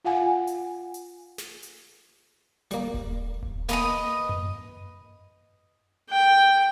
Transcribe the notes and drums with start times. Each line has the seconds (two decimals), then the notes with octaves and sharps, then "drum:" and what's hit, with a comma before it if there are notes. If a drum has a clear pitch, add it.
0.05 F4 F5 F#5 G#5
0.47 drum: hi-hat
0.94 drum: hi-hat
1.38 drum: snare
1.63 drum: hi-hat
2.71 G3 A#3, drum: hi-hat
2.94 drum: kick D#1
3.43 drum: kick D#1
3.69 A#3 B4 D#5 D#6, drum: snare
4.29 drum: tom F#2
6.10 G5